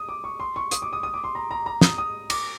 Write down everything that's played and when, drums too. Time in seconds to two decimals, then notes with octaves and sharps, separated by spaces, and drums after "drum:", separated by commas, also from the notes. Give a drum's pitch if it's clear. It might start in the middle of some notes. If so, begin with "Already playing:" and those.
Already playing: D#6
0.09 D6
0.24 C#6
0.40 C6
0.56 C#6
0.71 D#6, drum: hi-hat
0.82 D6
0.93 D#6
1.03 D#6
1.14 D6
1.24 C6
1.35 A#5
1.51 A#5
1.66 A#5
1.81 D#6, drum: snare
1.98 D#6
2.30 D6, drum: cymbal